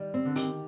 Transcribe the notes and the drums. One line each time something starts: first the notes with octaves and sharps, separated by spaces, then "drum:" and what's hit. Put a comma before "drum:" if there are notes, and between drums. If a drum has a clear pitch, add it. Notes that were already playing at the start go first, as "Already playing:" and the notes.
Already playing: D#3 G3
C4
D3
D#3 G4, drum: hi-hat